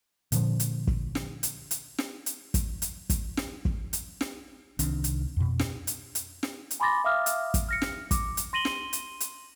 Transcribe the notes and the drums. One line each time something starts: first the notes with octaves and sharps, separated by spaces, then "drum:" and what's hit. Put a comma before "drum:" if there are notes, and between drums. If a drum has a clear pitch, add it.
A#2 D3 F3, drum: hi-hat
drum: hi-hat
drum: kick
drum: snare
drum: hi-hat
drum: hi-hat
drum: snare
drum: hi-hat
drum: kick, hi-hat
drum: hi-hat
drum: kick, hi-hat
drum: snare
drum: kick
drum: hi-hat
drum: snare
C2 D#3 C4 D4, drum: hi-hat
drum: hi-hat
F2 B2
drum: snare
drum: hi-hat
drum: hi-hat
drum: snare
drum: hi-hat
G#5 B5 C6 D6 A6 A#6
E5 F5 D6 D#6 F6
drum: hi-hat
drum: kick, hi-hat
F6 A#6 C#7
drum: snare
D6, drum: kick, hi-hat
drum: hi-hat
C6 A#6 D#7 F#7 G7
drum: snare
drum: hi-hat
drum: hi-hat